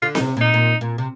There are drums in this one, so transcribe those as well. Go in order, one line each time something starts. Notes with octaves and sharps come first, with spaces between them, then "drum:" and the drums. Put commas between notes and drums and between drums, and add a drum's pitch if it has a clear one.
D3 F4
D#4, drum: snare C4
C3
A#2 D#4
A#2
A#2
C3